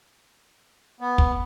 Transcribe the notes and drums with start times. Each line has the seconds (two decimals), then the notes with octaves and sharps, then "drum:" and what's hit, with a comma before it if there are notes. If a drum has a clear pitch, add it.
1.00 B3
1.18 drum: kick